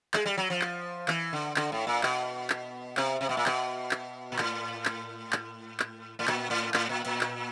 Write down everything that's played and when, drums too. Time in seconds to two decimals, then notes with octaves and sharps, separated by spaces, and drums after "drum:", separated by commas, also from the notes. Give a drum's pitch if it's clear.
0.14 G#3, drum: clap
0.26 G3
0.37 F#3
0.50 F3
0.61 drum: clap
1.08 E3, drum: clap
1.33 D3
1.56 D3, drum: clap
1.72 A2
1.87 A#2
2.03 B2, drum: clap
2.50 drum: clap
2.97 C3, drum: clap
3.21 C3
3.29 B2
3.37 A#2
3.46 B2, drum: clap
3.91 drum: clap
4.32 A#2
4.38 A2, drum: clap
4.85 drum: clap
5.33 drum: clap
5.80 drum: clap
6.19 A2
6.27 A#2, drum: clap
6.50 A2
6.74 A2, drum: clap
6.89 A#2
7.06 A#2
7.21 drum: clap